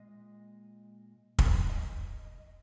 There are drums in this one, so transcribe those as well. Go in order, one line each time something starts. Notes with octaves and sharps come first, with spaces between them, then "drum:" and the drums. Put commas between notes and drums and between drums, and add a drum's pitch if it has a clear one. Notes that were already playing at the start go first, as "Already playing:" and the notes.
Already playing: A#2 G#3 D#5
drum: kick
D#5